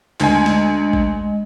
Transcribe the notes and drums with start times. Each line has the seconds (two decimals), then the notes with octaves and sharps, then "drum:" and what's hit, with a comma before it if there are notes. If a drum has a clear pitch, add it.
0.20 D2 G#3 D#5 G#5, drum: clap
0.46 drum: snare
0.93 drum: kick